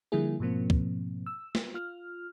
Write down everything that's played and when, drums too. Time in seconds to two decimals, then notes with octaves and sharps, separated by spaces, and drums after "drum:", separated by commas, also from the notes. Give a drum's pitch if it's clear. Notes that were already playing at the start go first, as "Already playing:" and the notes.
0.12 D3 F3 G3 A#3 E4 G#4
0.40 G#2 B2 F3 A#3 C4
0.70 drum: kick
1.26 E6
1.55 drum: snare
1.74 F4 F6